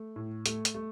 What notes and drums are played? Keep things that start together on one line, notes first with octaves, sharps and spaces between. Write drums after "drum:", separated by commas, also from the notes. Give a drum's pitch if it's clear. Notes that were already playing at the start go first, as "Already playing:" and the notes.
Already playing: A3
A2
A3, drum: hi-hat
drum: hi-hat
A3